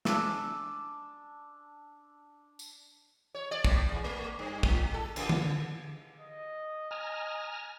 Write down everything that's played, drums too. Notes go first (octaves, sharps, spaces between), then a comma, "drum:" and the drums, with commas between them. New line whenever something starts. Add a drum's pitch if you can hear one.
D4 E6, drum: snare
drum: tambourine
C#5
D5
A2, drum: kick
E2
A3
G2
A2, drum: kick
A4
C#3, drum: cymbal
drum: tom D3
D#5
D#5 G#5 A#5 F6